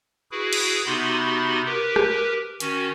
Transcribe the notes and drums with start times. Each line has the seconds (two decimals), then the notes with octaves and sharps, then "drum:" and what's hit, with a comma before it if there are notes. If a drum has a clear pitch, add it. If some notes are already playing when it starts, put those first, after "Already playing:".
0.31 E4 F#4 G#4 B4
0.53 drum: cymbal
0.86 C3 B3 D#4 F#4 B5 C6
1.66 G4 A#4 B4
1.96 drum: rim click
2.60 D#3 C#4 F#4, drum: hi-hat